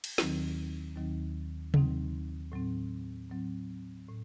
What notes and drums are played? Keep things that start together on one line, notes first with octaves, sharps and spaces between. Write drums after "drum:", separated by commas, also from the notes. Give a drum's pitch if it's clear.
drum: cymbal
D#2 D#3 F#3 C4 D#4, drum: snare
D#2 D#3 F#3 C4 D#4
D#2 D#3 F#3 C4 D#4, drum: tom C3
A2 F#3 C4
A2 F#3 C4
A2